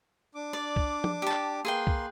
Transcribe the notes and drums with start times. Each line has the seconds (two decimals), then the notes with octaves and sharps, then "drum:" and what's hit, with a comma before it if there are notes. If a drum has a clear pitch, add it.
0.35 D4 D6
0.53 D5
0.76 drum: kick C2
1.04 drum: tom
1.22 G4 A5
1.32 drum: clap
1.65 A#3 G#4 B4 G5 C6
1.87 drum: kick C2